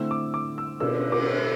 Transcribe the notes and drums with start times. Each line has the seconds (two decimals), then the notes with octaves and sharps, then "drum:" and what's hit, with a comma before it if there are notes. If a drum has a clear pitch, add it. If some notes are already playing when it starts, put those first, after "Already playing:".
Already playing: D3 A3 C4 E4 E6
0.11 D6
0.34 D6
0.58 E6
0.80 B2 B3 D4 E6, drum: cymbal
1.12 D6, drum: cymbal